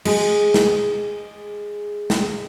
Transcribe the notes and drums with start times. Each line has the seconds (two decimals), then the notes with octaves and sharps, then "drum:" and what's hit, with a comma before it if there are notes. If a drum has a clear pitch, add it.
0.05 G#3 G#4, drum: cymbal
0.54 drum: snare
2.10 drum: snare